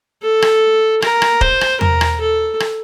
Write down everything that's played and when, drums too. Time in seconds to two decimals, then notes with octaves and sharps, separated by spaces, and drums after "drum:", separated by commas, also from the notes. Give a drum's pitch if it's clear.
0.23 A4
0.42 drum: rim click
1.02 A#4, drum: rim click
1.22 drum: rim click
1.41 C5, drum: kick D#1
1.61 drum: rim click
1.81 A#4, drum: tom E2
2.01 drum: rim click
2.20 A4
2.60 drum: rim click